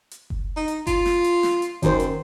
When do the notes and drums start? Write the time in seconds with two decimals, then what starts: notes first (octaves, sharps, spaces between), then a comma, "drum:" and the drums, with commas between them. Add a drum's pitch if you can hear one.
0.11 drum: hi-hat
0.30 drum: kick F#1
0.56 D#4
0.68 drum: hi-hat
0.87 F4, drum: kick F#1, hi-hat
1.06 drum: snare
1.24 drum: hi-hat
1.43 drum: snare
1.62 drum: hi-hat
1.82 F#2 D#3 C5, drum: kick F#1, hi-hat
2.00 drum: hi-hat